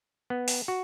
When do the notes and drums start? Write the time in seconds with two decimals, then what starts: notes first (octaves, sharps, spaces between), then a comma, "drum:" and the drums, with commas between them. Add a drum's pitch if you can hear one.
0.30 B3
0.48 drum: open hi-hat
0.68 F#4